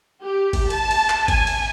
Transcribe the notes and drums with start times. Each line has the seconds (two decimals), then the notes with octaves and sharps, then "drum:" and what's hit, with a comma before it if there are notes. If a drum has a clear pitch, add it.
0.22 G4
0.53 drum: kick, cymbal
0.70 A5, drum: cymbal
0.91 drum: cymbal
1.10 drum: clap
1.28 G#5, drum: kick, cymbal
1.47 drum: cymbal